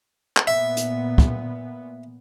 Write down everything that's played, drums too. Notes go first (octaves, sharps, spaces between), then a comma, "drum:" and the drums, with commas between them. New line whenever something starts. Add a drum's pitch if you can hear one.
drum: clap
A#2 B3 E5
drum: hi-hat
drum: kick